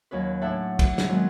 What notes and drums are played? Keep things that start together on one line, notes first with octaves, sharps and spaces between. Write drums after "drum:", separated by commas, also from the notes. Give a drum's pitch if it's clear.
D#2 F#3 C#4 B4
A2 D4 E5 F#5 A5
drum: kick, cymbal
drum: snare
D#3 F#3 G#3 A#3 B3 C#4